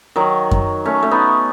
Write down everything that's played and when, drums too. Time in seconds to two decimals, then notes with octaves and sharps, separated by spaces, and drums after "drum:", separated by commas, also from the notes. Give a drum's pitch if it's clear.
0.16 D#3 F#3
0.51 drum: kick F#2
0.85 A3 C#4
1.03 A3 C#4
1.11 B3 D#4